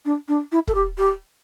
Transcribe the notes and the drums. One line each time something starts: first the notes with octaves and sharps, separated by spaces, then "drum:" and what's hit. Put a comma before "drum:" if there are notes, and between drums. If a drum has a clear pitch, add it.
D4
D4
E4
A4, drum: kick
G4
G4